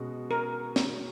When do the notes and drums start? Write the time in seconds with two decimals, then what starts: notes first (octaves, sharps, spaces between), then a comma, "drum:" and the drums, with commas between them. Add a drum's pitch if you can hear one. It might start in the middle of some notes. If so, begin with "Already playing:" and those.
Already playing: B2 G#3 C#4 F#4
0.31 A#4
0.76 drum: snare